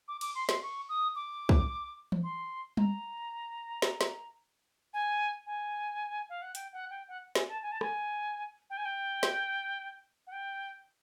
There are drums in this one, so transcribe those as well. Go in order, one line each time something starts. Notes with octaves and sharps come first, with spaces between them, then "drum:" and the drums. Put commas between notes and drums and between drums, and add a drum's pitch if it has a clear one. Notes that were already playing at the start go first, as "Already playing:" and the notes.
D6
D6, drum: cymbal
C6
C6, drum: snare
C#6
D#6
D6
drum: kick
drum: tom E3
C6
A#5, drum: tom G3
drum: snare
drum: snare
G#5
G#5
F5
F#5
G5, drum: hi-hat
F#5
G5
F#5
G#5, drum: snare
A5
G#5
A5
G#5, drum: rim click
G5
G#5
G5
drum: snare
F#5
G5